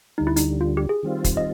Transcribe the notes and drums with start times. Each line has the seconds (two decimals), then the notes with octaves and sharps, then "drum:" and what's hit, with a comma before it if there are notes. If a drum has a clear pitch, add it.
0.18 D2 D3 G3 D#4
0.27 E4
0.36 D#4, drum: hi-hat
0.61 F4
0.77 G4
0.89 G#4
1.03 D#3 G3 C4 F4
1.24 drum: kick, hi-hat
1.37 D#5